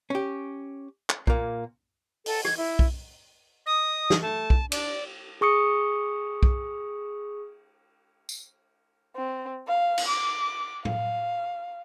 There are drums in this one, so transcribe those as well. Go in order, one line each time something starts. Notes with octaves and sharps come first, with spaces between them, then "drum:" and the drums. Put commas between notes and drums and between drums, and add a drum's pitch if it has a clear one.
C#4 G4
drum: clap
A#2 A#3, drum: kick B1
A4, drum: open hi-hat
G#6, drum: rim click
E4
drum: kick B1
D#5 D#6
drum: snare
A3 A5
drum: kick B1
D4 D5, drum: cymbal
G#4 C#6 D#6 C#7
drum: kick B1
drum: tambourine
C4
F5
drum: cymbal
D6
F5, drum: tom A2